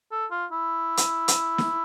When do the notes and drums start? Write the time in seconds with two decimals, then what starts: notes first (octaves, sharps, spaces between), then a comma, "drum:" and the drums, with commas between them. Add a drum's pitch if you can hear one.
0.11 A4
0.31 F4
0.52 E4
0.97 drum: hi-hat
1.28 drum: hi-hat
1.58 drum: snare